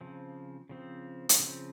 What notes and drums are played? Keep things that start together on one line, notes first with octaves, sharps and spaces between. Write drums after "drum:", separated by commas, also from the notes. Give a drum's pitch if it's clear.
C#3 F3 C4
C#3 F3 C4
drum: hi-hat
C#3 F3 C4